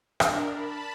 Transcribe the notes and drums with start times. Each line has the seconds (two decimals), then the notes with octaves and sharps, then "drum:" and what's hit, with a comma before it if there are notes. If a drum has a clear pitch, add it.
0.20 D4 A#4, drum: rim click
0.53 A5 B5